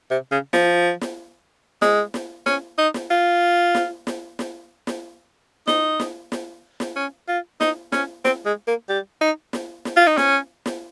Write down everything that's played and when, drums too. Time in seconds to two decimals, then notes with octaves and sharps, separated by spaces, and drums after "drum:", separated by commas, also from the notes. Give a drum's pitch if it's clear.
0.11 C3
0.32 C#3
0.53 F3, drum: snare
1.01 drum: snare
1.82 G#3, drum: snare
2.14 drum: snare
2.46 C#4, drum: snare
2.78 D#4
2.94 drum: snare
3.11 F4
3.75 drum: snare
4.07 drum: snare
4.39 drum: snare
4.87 drum: snare
5.67 D#4, drum: snare
6.00 drum: snare
6.32 drum: snare
6.80 drum: snare
6.96 C#4
7.28 F4
7.61 D#4, drum: snare
7.92 C#4, drum: snare
8.25 C4, drum: snare
8.46 G#3
8.68 A#3
8.89 G3
9.21 D#4
9.53 drum: snare
9.85 drum: snare
9.97 F4
10.07 D#4
10.17 C#4, drum: snare
10.66 drum: snare